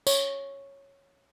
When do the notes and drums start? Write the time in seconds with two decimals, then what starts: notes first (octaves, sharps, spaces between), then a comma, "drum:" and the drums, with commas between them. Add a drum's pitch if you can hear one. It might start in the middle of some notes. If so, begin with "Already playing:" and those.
0.07 C#5, drum: tambourine